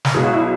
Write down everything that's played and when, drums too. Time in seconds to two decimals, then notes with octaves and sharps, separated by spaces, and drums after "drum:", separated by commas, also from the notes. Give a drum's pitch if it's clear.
0.05 drum: snare
0.14 B1 B2 G#3 G#4
0.23 F#4
0.33 E4